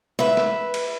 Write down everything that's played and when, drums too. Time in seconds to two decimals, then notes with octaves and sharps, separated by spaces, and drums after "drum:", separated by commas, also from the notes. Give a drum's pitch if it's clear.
0.19 B4 E5, drum: snare
0.37 drum: snare
0.74 drum: cymbal